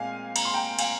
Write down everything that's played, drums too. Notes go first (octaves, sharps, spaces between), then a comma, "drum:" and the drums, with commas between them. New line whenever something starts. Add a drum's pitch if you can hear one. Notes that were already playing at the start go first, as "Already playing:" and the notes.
Already playing: A#2 G#3 C4 F5 G#5
A#5, drum: cymbal
C6
G5 A#5
F5 G#5, drum: cymbal